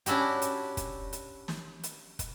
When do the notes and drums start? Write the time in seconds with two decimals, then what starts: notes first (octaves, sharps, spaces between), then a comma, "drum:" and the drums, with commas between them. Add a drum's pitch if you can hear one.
0.06 C#4 D4 E4 F#4 G4, drum: hi-hat
0.42 drum: hi-hat
0.77 drum: kick, hi-hat
1.13 drum: hi-hat
1.48 drum: snare
1.83 drum: hi-hat
2.19 drum: kick, hi-hat